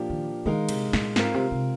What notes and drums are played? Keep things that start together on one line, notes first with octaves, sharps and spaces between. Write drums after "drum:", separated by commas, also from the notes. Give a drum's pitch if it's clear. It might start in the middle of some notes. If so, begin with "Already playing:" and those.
Already playing: A#2 F3 A#3 D4 G4
D#3
D#3 G#3 D#4 A#4 F5
C3, drum: cymbal
A#2, drum: snare
G#2 C4 F4 A#4 F5, drum: snare
C3
C3